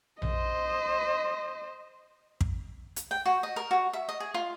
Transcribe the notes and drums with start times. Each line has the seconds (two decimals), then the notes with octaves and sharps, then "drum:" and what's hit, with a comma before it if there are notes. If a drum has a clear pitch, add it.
0.22 C5 D#5, drum: tom A#1
2.41 drum: kick
2.96 drum: hi-hat
3.11 G5
3.26 F#4
3.43 D#5
3.56 A#4
3.71 F#4
3.93 E5
4.09 D#5
4.20 G#4
4.34 F4